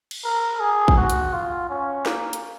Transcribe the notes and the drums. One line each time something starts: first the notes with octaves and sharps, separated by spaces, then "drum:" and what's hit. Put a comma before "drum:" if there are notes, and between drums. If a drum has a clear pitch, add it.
drum: cymbal
A#4
G#4
drum: kick
F#4
drum: hi-hat
F4
C#4
A#3, drum: snare
drum: hi-hat